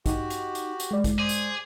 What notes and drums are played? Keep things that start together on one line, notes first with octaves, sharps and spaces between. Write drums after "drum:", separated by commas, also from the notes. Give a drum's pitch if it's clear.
D#4 F#4 G4, drum: kick, hi-hat
drum: hi-hat
drum: hi-hat
drum: hi-hat
G#3 D5
drum: kick, hi-hat
G#4 C5 D6
drum: hi-hat